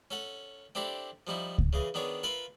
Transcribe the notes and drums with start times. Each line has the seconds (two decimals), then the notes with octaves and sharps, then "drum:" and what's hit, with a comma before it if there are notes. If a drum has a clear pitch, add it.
0.11 C#4 A4 F#5
0.75 C4 D4 E4 G4 A4
1.27 F3 G3 D#4 E4
1.58 drum: kick C#2
1.73 C#3 E3 G#4
1.94 D#3 B3 D4 G#4 C#5
2.23 F4 A#4 B4 E5 B5 C6